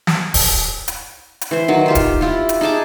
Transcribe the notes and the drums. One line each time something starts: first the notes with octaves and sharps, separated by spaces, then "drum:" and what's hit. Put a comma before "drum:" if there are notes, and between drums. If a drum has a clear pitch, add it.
drum: snare
drum: kick D1, open hi-hat
drum: hi-hat
drum: hi-hat
E3 C5
D#3 F#3
F4 G4 C5
drum: kick D1, hi-hat
E4 F4 G4
drum: hi-hat
D#4 G#4 A5 D6